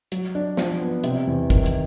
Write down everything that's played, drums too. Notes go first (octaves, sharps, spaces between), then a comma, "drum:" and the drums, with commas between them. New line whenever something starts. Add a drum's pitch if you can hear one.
F#3, drum: hi-hat
D4
F3, drum: snare
B3
C3, drum: hi-hat
E2
D#3, drum: kick, hi-hat
drum: hi-hat